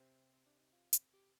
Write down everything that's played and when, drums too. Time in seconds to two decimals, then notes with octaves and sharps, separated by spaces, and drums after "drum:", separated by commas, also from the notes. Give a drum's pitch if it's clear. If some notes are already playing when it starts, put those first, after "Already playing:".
Already playing: C3 C4
0.33 C4
0.46 D4
0.59 D#4
0.72 F4
0.93 drum: hi-hat
1.13 G4